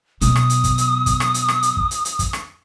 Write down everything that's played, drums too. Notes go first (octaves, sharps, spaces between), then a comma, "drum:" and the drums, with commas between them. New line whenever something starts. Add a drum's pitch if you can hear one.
B2 F#3 D#6, drum: hi-hat
drum: rim click
drum: hi-hat
drum: kick, hi-hat
drum: hi-hat
drum: kick, hi-hat
drum: rim click
drum: hi-hat
drum: rim click
drum: hi-hat
drum: kick
drum: hi-hat
drum: hi-hat
drum: kick, hi-hat
drum: rim click